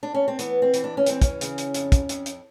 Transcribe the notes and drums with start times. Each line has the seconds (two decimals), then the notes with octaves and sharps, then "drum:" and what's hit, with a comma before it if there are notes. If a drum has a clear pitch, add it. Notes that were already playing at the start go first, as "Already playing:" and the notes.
0.03 D4
0.14 C#4
0.28 C4
0.39 E3 B3, drum: hi-hat
0.62 C4
0.74 E3, drum: hi-hat
0.84 D4
0.97 C#4
1.06 E3 C4, drum: hi-hat
1.22 C#4, drum: kick, hi-hat
1.41 C#3, drum: hi-hat
1.58 drum: hi-hat
1.74 F2, drum: hi-hat
1.92 drum: kick, hi-hat
2.09 F2, drum: hi-hat
2.26 drum: hi-hat